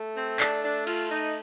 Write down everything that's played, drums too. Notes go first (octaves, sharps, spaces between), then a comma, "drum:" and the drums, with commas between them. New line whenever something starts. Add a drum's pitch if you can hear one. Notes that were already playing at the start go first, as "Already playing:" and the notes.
Already playing: A3
C4
D4, drum: clap
D4
F4, drum: cymbal
D#4